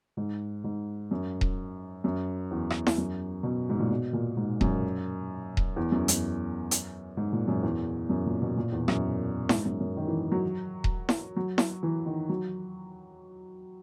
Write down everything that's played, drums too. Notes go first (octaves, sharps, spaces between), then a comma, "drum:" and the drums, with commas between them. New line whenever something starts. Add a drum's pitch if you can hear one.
G#2
G#2
F#2
drum: kick D#1
F#2
E2
drum: rim click
drum: snare E4
F#2
B2
G#2
A#2
B2
A#2
G#2
F#2, drum: kick D#1
drum: kick D#1
E2
F#2
F#2, drum: hi-hat
drum: hi-hat
G#2
A#2
F#2
E2
F#2
A#2
B2
A#2
E2
F#2, drum: rim click
G#2, drum: snare E4
F#2
F#2
D#3
E3
F#3
drum: kick D#1
drum: snare E4
F#3
drum: snare E4
E3
D#3
F#3